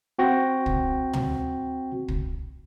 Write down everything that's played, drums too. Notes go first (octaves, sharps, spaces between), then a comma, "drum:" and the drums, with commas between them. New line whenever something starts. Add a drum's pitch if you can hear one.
C4 F#4 G5 A#6
drum: kick
drum: tom
drum: kick